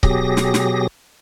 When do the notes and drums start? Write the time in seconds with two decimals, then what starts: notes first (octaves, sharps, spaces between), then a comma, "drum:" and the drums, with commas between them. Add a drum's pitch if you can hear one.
0.03 B2 F#3 G4 G#4 A#6, drum: kick C#1
0.37 drum: snare
0.54 drum: snare